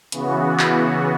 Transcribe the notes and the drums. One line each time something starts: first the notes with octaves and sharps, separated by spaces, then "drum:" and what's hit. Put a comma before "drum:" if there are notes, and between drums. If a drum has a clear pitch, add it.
C#3 E3 B3 F#4, drum: hi-hat
drum: clap